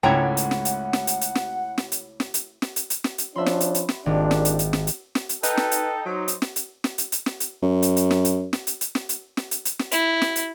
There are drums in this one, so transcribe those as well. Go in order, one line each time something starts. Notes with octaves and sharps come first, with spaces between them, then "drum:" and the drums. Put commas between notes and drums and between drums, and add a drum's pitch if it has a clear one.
C#2 G#2 A3 E4 C#5 F#5 G5 A#5
drum: hi-hat
drum: snare
drum: hi-hat
drum: snare
drum: hi-hat
drum: hi-hat
drum: snare
drum: snare
drum: hi-hat
drum: snare
drum: hi-hat
drum: snare
drum: hi-hat
drum: hi-hat
drum: snare
drum: hi-hat
F3 C#4 D4 E5 B5 C6
drum: snare
drum: hi-hat
drum: hi-hat
drum: snare
G#1 D#2 A#2 D4
drum: snare
drum: hi-hat
drum: hi-hat
drum: snare
drum: hi-hat
drum: snare
drum: hi-hat
D#4 A4 B4 G5, drum: hi-hat
drum: snare
drum: hi-hat
F#3 C5 D#5
drum: hi-hat
drum: snare
drum: hi-hat
drum: snare
drum: hi-hat
drum: hi-hat
drum: snare
drum: hi-hat
F#2
drum: hi-hat
drum: hi-hat
drum: snare
drum: hi-hat
drum: snare
drum: hi-hat
drum: hi-hat
drum: snare
drum: hi-hat
drum: snare
drum: hi-hat
drum: hi-hat
drum: snare
E4, drum: hi-hat
drum: snare
drum: hi-hat